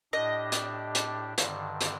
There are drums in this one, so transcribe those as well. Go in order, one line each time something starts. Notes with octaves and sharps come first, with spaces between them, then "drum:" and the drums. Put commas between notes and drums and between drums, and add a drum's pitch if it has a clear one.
A2 D4 G4 D#5
drum: hi-hat
drum: hi-hat
G2 D3 D#3, drum: hi-hat
drum: hi-hat